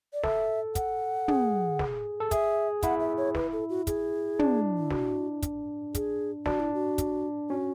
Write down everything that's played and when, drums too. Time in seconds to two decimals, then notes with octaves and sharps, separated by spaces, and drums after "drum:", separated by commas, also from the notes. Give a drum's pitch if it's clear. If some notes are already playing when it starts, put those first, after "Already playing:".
0.13 D5
0.24 A4 E5, drum: snare
0.75 F#5, drum: kick, hi-hat
1.28 G#4, drum: tom
1.79 drum: snare
2.20 A4
2.31 G#4 E5, drum: kick, hi-hat
2.83 E4 F#5, drum: kick, hi-hat
3.00 E5
3.18 C#5
3.35 B4, drum: snare
3.52 A4
3.70 F#4
3.87 G#4, drum: kick, hi-hat
4.39 D4, drum: tom
4.78 E4
4.91 F#4, drum: snare
5.42 drum: kick, hi-hat
5.95 G#4, drum: kick, hi-hat
6.46 D4 F#4, drum: snare
6.60 E4
6.74 F#4
6.98 drum: kick, hi-hat
7.50 C#4 F#4